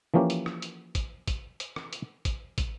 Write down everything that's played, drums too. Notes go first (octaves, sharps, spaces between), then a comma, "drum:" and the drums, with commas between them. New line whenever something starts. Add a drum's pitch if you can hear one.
E3 F3 A#3 C#4 G4
drum: hi-hat
drum: rim click
drum: hi-hat
drum: kick, hi-hat
drum: kick, hi-hat
drum: hi-hat
drum: rim click
drum: hi-hat
drum: kick, hi-hat
drum: kick, hi-hat